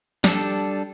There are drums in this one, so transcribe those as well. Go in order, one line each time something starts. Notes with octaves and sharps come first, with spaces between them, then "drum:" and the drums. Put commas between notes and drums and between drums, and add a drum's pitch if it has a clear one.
G3 D4 A4, drum: snare